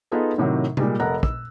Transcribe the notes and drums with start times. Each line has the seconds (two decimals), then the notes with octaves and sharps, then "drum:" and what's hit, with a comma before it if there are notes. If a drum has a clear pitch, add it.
0.11 B3 D#4 F4 G#4 A4 B4
0.38 A2 C3 D#3 F#3
0.77 A#2 G3 G#3, drum: tom C3
1.00 F1 A4 A#4 F#5 A#5 F#6
1.23 E6, drum: kick